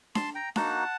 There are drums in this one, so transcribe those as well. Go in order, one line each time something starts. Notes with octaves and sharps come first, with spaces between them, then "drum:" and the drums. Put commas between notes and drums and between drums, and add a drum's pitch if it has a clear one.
A5 C6, drum: snare D4
G5 A#5
A#3 D#4 F#4 F#5 A5, drum: snare D4